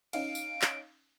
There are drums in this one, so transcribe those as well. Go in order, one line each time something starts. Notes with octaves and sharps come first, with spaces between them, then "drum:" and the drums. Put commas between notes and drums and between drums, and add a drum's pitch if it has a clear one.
C#4 D#4 F5 D7, drum: cymbal
drum: tambourine
drum: clap